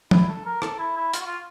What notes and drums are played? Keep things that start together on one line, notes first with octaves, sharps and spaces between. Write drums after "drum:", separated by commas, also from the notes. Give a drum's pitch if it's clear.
E4, drum: tom
A4
A#4
A4, drum: rim click
E4
E4
F4, drum: hi-hat
F#4
F4